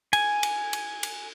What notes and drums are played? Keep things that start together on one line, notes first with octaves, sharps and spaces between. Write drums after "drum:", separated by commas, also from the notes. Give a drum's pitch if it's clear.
G#5, drum: cymbal
drum: cymbal
drum: cymbal
drum: cymbal